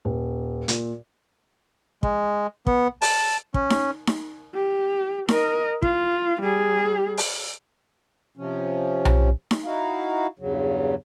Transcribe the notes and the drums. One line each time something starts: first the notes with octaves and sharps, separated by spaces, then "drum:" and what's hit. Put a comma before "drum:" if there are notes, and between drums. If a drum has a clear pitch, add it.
D#1
A#2, drum: hi-hat
G#3, drum: kick
B3, drum: kick
A5, drum: open hi-hat
C#4, drum: kick
drum: snare D#4
drum: snare D#4
G4
A#4 D#5, drum: snare D#4
F4, drum: kick
G3 G#4
drum: open hi-hat
C3 F3 C#4
drum: tom B1
drum: snare D#4
D#4 E4 F#4 F5
E2 G2 C#3 F#3